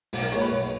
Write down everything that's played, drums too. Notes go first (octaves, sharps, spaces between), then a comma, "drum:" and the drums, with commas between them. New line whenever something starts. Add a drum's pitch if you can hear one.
B1, drum: open hi-hat
A#4
A#2 G#3 C#5
B4
B1 C#5